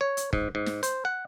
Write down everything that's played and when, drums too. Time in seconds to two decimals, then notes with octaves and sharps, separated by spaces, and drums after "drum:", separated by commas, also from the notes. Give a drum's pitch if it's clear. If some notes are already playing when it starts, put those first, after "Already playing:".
0.01 C#5
0.17 drum: hi-hat
0.33 G#2, drum: kick
0.55 G#2
0.66 drum: snare
0.83 C5, drum: hi-hat
1.05 F#5